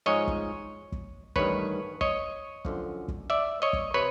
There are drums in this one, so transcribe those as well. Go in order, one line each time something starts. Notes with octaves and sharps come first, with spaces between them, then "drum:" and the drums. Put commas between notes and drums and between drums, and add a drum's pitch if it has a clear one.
G#2 F3 G#3 C#5 D#5
drum: kick
drum: kick
A1 G2 D#3 G3 B4 C#5, drum: kick
C#5 D#5, drum: kick
F#2 D3 F3, drum: kick
drum: kick
D5 E5
C#5 D#5
drum: kick
C3 B4 C#5